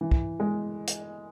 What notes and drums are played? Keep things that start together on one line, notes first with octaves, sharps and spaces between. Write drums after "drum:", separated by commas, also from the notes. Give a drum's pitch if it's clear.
E3
drum: kick
G#3
drum: hi-hat